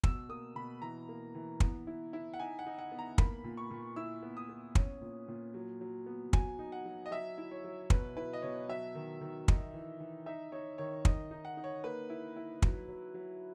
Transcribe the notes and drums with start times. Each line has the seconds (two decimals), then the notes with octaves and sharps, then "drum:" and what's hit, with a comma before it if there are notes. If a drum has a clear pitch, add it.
0.04 B2 E6, drum: kick
0.29 A#3 D#6
0.55 B2 B5
0.82 E3 A#5
1.09 A#3
1.35 E3
1.60 B3, drum: kick
1.87 E4
2.13 E4
2.33 F#5
2.40 D#4 G#5
2.59 F#5
2.66 D#4
2.78 F#5
2.92 B3
2.99 A#5
3.18 A#3 B5, drum: kick
3.44 A#2
3.57 C#6
3.71 A#2
3.96 E4 E6
4.23 B3
4.37 D#6
4.49 B3
4.75 C#4, drum: kick
5.02 A#2
5.28 A#2
5.54 F#3
5.81 F#3
6.06 B3
6.33 F#3 G#5, drum: kick
6.59 D#4
6.72 F#5
6.85 F#3
7.06 D#5
7.11 F#3 E5
7.38 E4
7.51 C#5
7.64 F#3
7.90 B2 B4, drum: kick
8.17 E4 B4
8.33 D#5
8.42 B2 C#5
8.68 F#3 E5
8.95 D#3
9.21 D#3
9.48 D#4, drum: kick
9.74 E3
10.00 E3
10.26 D#4 E5
10.52 D#4 C#5
10.78 D#3 C#5
11.05 D#4 D#5, drum: kick
11.31 D#4
11.45 F#5
11.57 D#4
11.64 C#5
11.84 A#3 B4
12.10 E4
12.36 E4
12.62 F#3, drum: kick
12.89 F#3
13.14 F#3